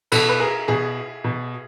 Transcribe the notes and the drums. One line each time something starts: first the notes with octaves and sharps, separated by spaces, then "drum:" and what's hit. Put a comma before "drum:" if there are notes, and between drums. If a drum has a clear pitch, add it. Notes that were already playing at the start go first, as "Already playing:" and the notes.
B2 A4 B4, drum: cymbal
B4
G#4 A#4
B2 G#4
B2